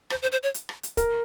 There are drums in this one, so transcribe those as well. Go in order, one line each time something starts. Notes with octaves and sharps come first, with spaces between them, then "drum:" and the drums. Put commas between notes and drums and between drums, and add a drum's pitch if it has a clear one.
C5, drum: rim click
C5
C5
C#5
drum: hi-hat
drum: rim click
drum: hi-hat
A#4, drum: kick, hi-hat